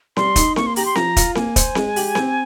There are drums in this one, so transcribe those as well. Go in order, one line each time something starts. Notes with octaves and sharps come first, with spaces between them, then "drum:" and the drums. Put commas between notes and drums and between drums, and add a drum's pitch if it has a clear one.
G3 C6, drum: snare C4
D#4, drum: kick, hi-hat
A#3 C#6, drum: snare C4
C6
G4 A#5, drum: open hi-hat
C6
F3 A#5, drum: snare C4
F4, drum: kick, hi-hat
A#3 G#5, drum: snare C4
C5, drum: kick, hi-hat
G#3, drum: snare C4
G4, drum: open hi-hat
C4, drum: snare C4